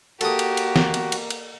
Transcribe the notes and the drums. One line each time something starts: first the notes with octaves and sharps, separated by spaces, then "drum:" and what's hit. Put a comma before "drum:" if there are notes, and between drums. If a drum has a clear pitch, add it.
A#3 F#4 G4 A4 D#6, drum: cymbal
drum: cymbal
drum: cymbal
drum: snare
drum: cymbal
drum: cymbal
drum: cymbal